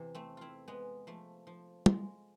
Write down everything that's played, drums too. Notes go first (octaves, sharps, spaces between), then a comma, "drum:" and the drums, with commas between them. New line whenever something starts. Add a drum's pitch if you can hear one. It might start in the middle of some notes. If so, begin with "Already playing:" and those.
Already playing: E2 C3 E3
A3 C4
C4 E4 F4
G#3 B3
F3 A3
F3
G#3, drum: tom